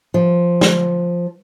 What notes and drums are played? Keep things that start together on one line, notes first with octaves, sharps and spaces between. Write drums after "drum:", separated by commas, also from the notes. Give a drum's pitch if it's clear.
F3
drum: snare